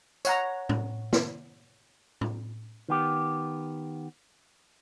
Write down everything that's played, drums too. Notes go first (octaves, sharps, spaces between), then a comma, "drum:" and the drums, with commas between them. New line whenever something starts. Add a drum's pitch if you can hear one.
C#5 F#5 A#5, drum: tambourine
drum: tom A2
drum: snare
drum: tom A2
D#3 B3 G4